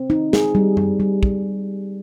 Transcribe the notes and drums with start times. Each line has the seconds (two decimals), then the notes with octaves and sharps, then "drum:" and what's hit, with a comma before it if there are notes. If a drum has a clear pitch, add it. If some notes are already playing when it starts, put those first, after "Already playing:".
Already playing: C4
0.10 D#4
0.33 G#4, drum: snare
0.55 G3
0.77 G3, drum: tom F#2
1.00 G3
1.23 drum: kick